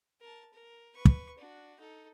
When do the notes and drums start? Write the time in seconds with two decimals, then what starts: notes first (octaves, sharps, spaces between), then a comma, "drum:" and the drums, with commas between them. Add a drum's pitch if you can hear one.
0.21 A#4 A5
0.53 A#4
0.95 B4 C#6
1.05 drum: kick
1.38 D4 F#4
1.79 D#4 A4